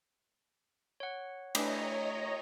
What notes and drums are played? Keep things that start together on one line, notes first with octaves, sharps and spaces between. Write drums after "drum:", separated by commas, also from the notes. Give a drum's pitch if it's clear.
C#5 F#5
E3 A3 D4 G4 C#5 D#5 A#5, drum: cymbal